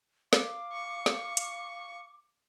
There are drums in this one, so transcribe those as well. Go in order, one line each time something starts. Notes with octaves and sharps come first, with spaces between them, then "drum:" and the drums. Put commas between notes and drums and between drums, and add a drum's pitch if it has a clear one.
F5 D6, drum: snare
C#6
drum: snare
drum: hi-hat